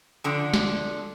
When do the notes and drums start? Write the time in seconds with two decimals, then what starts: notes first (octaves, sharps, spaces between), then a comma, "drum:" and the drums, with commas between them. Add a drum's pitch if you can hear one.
0.24 D3 F3
0.54 drum: snare